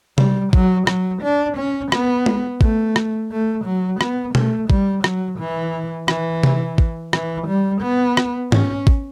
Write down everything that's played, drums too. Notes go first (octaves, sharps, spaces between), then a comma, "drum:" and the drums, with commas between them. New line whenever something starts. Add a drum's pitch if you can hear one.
G3, drum: tom C3
F#3, drum: kick
F#3, drum: rim click
D4
C#4
B3, drum: rim click
drum: tom G#3
A3, drum: kick
drum: rim click
A3
F#3
B3, drum: rim click
A3, drum: tom B2
G3, drum: kick
F#3, drum: rim click
E3
E3, drum: rim click
drum: tom C3
drum: kick
E3, drum: rim click
G3
B3
drum: rim click
C#4, drum: tom G#2
drum: kick